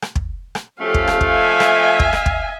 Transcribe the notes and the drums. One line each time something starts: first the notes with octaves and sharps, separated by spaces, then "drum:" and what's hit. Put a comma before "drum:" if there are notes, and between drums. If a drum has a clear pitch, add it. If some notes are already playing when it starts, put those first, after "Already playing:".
drum: rim click
drum: kick
drum: rim click
F3 A3 C#4 G4 A4 F5
drum: kick
drum: rim click
drum: kick
D#5 E5 G#5
drum: rim click
drum: kick
drum: rim click
drum: kick